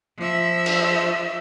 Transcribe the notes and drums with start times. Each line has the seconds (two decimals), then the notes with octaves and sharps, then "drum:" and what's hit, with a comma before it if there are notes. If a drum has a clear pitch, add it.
0.18 F3 E5
0.66 drum: cymbal